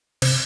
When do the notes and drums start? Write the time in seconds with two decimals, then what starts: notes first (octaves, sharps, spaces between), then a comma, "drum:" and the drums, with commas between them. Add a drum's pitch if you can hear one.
0.22 C3, drum: cymbal